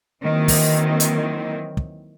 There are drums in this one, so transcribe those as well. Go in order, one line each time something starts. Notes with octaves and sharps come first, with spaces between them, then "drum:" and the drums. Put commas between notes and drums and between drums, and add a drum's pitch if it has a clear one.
D#3 E3 F#3 A#3 C4
drum: kick, open hi-hat
drum: hi-hat
drum: kick